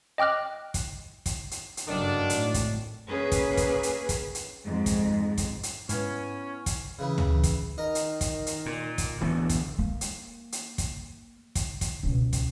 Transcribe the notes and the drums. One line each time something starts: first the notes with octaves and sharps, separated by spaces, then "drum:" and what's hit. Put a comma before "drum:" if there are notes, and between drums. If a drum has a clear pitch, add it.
D#5 G5 D6 F6 F#6
drum: kick, hi-hat
drum: kick, hi-hat
drum: hi-hat
drum: hi-hat
F#1 G2 D3 D#3 F#3 D4
G#1 A2, drum: hi-hat
drum: kick, hi-hat
A#3 C#4 G#4 B4
drum: kick, hi-hat
drum: kick, hi-hat
drum: hi-hat
drum: kick, hi-hat
drum: hi-hat
F2 G#2
drum: kick, hi-hat
drum: kick, hi-hat
drum: hi-hat
G#2 B3 C#4 E4, drum: hi-hat
drum: kick, hi-hat
C#3 E3
drum: tom
drum: kick, hi-hat
D#3 A#4 D#5
drum: hi-hat
drum: kick, hi-hat
drum: hi-hat
A#2
drum: kick, hi-hat
D1 D3 E3 B3
drum: kick, hi-hat
A#3
drum: hi-hat
drum: hi-hat
drum: kick, hi-hat
drum: kick, hi-hat
drum: kick, hi-hat
C#2 B2
drum: kick, hi-hat